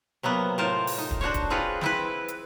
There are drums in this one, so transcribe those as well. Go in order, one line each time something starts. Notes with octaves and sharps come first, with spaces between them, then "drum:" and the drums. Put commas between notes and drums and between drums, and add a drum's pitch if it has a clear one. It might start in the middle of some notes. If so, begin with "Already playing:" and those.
C3 F#3 A#3 B3
A2 F4 A#4 C5 A5
drum: open hi-hat
D#4
drum: kick
D4 F#4 C5 C#5
drum: kick, hi-hat
C4 F4 G#4 B4 C#5
C4 E4 B4, drum: snare
drum: hi-hat